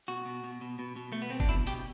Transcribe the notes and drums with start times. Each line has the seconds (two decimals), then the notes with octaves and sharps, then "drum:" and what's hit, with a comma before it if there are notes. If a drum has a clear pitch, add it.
0.08 B2 F#4
0.25 B2
0.44 B2
0.61 B2
0.79 B2
0.96 B2
1.12 B2 A3
1.22 B3
1.30 B2 C4
1.40 D4, drum: kick F#1
1.49 B2 E4
1.67 B2 G4, drum: hi-hat